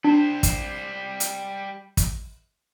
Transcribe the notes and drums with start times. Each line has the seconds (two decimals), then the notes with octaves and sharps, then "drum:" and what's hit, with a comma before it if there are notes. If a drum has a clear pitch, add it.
0.04 G3 D4 C5
0.43 drum: kick, hi-hat
1.20 drum: hi-hat
1.97 drum: kick, hi-hat